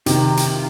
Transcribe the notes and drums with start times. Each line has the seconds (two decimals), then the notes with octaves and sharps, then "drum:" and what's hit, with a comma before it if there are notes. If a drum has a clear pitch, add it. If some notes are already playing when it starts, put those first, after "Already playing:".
0.06 C3 D#3 D#4, drum: hi-hat
0.37 drum: hi-hat
0.53 F4